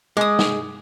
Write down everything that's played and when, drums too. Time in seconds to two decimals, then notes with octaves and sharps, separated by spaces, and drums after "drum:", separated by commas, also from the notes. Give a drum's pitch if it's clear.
0.17 G#3 D6 D#6
0.39 drum: snare